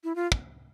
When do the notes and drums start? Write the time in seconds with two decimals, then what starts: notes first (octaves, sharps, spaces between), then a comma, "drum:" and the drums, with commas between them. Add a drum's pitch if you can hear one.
0.04 E4
0.15 F4
0.32 drum: kick